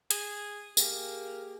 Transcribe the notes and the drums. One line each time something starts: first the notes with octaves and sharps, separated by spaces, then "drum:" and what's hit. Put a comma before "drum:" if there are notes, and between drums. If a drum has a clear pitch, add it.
G#4, drum: hi-hat
A#3 G4 G#4, drum: tambourine